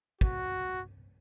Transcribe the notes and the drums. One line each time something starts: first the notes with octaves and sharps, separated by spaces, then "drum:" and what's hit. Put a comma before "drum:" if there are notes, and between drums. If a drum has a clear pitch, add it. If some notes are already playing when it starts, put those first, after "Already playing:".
F#4, drum: kick